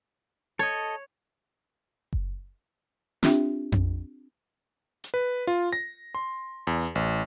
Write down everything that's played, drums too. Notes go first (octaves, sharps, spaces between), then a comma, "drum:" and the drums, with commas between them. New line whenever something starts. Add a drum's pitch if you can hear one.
A4 C#5 D#5
drum: kick F#1
C4 D4 F4 G4 E5 G5, drum: snare
drum: tom F2
drum: hi-hat
B4
F4
A#6
C6
E2
A1